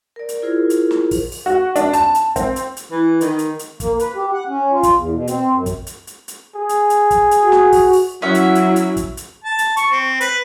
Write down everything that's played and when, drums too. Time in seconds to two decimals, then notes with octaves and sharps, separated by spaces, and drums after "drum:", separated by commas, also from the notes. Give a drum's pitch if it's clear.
0.16 A#4 D5
0.29 drum: hi-hat
0.42 E4 F4 G#4 A#4 C5
0.70 drum: hi-hat
0.91 drum: snare
1.11 drum: kick, open hi-hat
1.32 drum: open hi-hat
1.46 F#4
1.76 D4, drum: hi-hat
1.93 A5, drum: hi-hat
2.15 drum: hi-hat
2.36 C4, drum: kick, hi-hat
2.56 drum: hi-hat
2.77 drum: hi-hat
2.91 E3
3.21 D#3, drum: hi-hat
3.39 drum: hi-hat
3.59 drum: hi-hat
3.80 A#3, drum: kick, hi-hat
3.99 B4, drum: hi-hat
4.16 G4
4.33 F#5
4.48 C#4
4.71 F4
4.83 drum: kick, hi-hat
4.93 E2
5.12 B2
5.27 C4, drum: hi-hat
5.53 F#2
5.66 drum: kick, hi-hat
5.87 drum: hi-hat
6.07 drum: hi-hat
6.28 drum: hi-hat
6.55 G#4
6.69 drum: hi-hat
6.90 drum: hi-hat
7.11 drum: kick, hi-hat
7.31 drum: hi-hat
7.40 F#4
7.52 drum: snare
7.73 drum: kick, open hi-hat
7.93 drum: open hi-hat
8.22 F#3 C#4 E4 E5 F#5
8.35 drum: hi-hat
8.55 drum: hi-hat
8.76 drum: hi-hat
8.97 drum: kick, hi-hat
9.17 drum: hi-hat
9.44 A5
9.59 drum: hi-hat
9.77 C#6, drum: hi-hat
9.91 C4
10.21 B4, drum: hi-hat